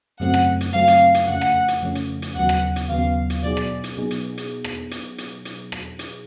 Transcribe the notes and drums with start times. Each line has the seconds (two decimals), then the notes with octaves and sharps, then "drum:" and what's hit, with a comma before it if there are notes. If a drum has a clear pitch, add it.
0.20 F#2 C#3 F#3 A3 C4 F#5
0.34 drum: rim click
0.61 drum: hi-hat
0.74 F#2 C#3 F#3 A3 C4 F5
0.88 drum: hi-hat
1.14 drum: hi-hat
1.28 F2 C#3 F3 A3 C#4 F#5
1.41 drum: rim click
1.68 drum: hi-hat
1.82 F2 C#3 F3 A3 C#4
1.95 drum: hi-hat
2.22 drum: hi-hat
2.35 D#2 C#3 F#3 B3 F#5
2.49 drum: rim click
2.76 drum: hi-hat
2.89 D#2 C#3 F#3 B3 F5
3.30 drum: hi-hat
3.43 B2 F#3 B3 D#4 G#4 D5
3.57 drum: rim click
3.84 drum: hi-hat
3.97 B2 F#3 B3 D#4 G#4
4.11 drum: hi-hat
4.38 drum: hi-hat
4.64 drum: rim click
4.91 drum: hi-hat
5.18 drum: hi-hat
5.45 drum: hi-hat
5.72 drum: rim click
5.99 drum: hi-hat